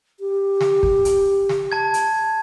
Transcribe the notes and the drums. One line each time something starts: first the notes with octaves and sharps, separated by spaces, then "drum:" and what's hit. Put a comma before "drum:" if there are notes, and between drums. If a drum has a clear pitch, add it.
G4
drum: snare
drum: kick
drum: hi-hat
drum: snare
A5 G#6
drum: hi-hat